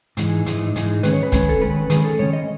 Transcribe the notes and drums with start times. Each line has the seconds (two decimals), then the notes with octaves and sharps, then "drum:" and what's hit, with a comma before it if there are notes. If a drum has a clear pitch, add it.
0.17 G#2 E3 G#3 D#4, drum: hi-hat
0.46 G#2 E3 G#3 D#4, drum: hi-hat
0.76 G#2 E3 G#3 D#4, drum: hi-hat
1.03 D#3 G#3 C#4 B4, drum: hi-hat
1.13 C#5
1.23 B4
1.32 D#3 G#3 C#4, drum: kick, hi-hat
1.49 A4
1.61 D#3 G#3 C#4 B4
1.90 D#3 G#3 C#4 G#4, drum: hi-hat
2.04 A4
2.19 D#3 G#3 C#4 C#5
2.33 D#5